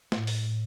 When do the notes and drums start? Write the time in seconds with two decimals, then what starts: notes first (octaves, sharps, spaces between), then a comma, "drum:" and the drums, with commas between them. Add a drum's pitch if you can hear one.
0.12 A2, drum: snare
0.27 drum: open hi-hat